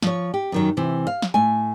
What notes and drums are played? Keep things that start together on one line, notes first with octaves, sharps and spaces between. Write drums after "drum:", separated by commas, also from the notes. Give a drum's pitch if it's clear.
F3 C#5, drum: snare
G4
F#2 D#3 F#3
C3 E3
F5
drum: snare
A2 A3 G#5